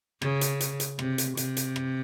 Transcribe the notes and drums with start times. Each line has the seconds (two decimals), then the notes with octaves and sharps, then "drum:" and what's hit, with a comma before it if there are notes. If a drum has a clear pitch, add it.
0.22 C#3, drum: rim click
0.41 drum: hi-hat
0.60 drum: hi-hat
0.80 drum: hi-hat
0.99 C3, drum: rim click
1.18 drum: hi-hat
1.37 C3, drum: hi-hat
1.57 drum: hi-hat
1.76 drum: rim click